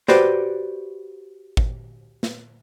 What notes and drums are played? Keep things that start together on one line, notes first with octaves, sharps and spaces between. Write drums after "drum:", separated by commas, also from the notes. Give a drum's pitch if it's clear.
F#4 G4 B4 C5 D5, drum: snare
drum: kick
drum: snare